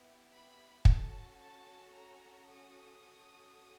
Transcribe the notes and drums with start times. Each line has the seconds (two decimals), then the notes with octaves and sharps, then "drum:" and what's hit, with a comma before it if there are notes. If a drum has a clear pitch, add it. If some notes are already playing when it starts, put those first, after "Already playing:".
Already playing: B3 E4 G4
0.30 B5
0.85 C#4 F#4 A4 A5, drum: kick
1.40 A5
1.93 A#5
2.47 D#6
3.02 C#4 F#4 A4